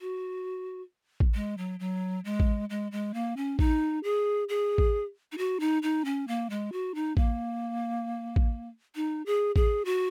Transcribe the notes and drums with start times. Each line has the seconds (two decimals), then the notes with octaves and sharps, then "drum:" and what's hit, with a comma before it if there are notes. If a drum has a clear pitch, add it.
0.01 F#4
1.20 drum: kick A1
1.35 G#3
1.58 F#3
1.80 F#3
2.25 G#3
2.40 drum: kick A1
2.70 G#3
2.92 G#3
3.14 A#3
3.37 C#4
3.59 D#4, drum: kick A1
4.03 G#4
4.49 G#4
4.78 drum: kick A1
5.32 D#4
5.38 F#4
5.60 D#4
5.83 D#4
6.05 C#4
6.28 A#3
6.50 G#3
6.72 F#4
6.95 D#4
7.17 A#3, drum: kick A1
8.36 drum: kick A1
8.95 D#4
9.26 G#4
9.56 G#4, drum: kick A1
9.85 F#4